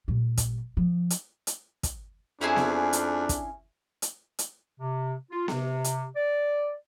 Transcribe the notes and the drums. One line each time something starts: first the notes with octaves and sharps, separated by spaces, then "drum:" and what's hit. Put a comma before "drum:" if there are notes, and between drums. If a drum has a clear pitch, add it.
A#2 G3
drum: kick, hi-hat
F3
drum: hi-hat
drum: hi-hat
drum: kick, hi-hat
F2 C#4 D4 E4 G#4
drum: snare B3
drum: hi-hat
drum: kick, hi-hat
drum: hi-hat
drum: hi-hat
C3
F4
C3, drum: snare B3
drum: hi-hat
D5